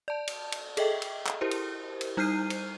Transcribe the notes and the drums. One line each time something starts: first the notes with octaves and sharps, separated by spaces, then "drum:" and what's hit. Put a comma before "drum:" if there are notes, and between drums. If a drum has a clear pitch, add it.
D5 A5
drum: cymbal
drum: cymbal
G#4 A4 D#5 E5 G5, drum: cymbal
drum: cymbal
drum: clap
E4 G4 A#4 C5
drum: cymbal
drum: cymbal
G3 D#4 F6 G6 C7 D#7
drum: cymbal